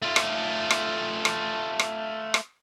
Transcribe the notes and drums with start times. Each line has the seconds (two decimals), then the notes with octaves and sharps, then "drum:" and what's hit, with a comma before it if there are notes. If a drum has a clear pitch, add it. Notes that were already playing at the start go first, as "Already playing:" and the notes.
0.02 A3 F4
0.16 drum: rim click
0.70 drum: rim click
1.25 drum: rim click
1.79 drum: rim click
2.34 drum: rim click